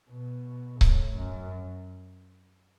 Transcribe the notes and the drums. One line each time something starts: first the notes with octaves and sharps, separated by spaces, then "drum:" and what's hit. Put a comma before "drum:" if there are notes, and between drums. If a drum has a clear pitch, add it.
B2
A2, drum: kick C#1
F#2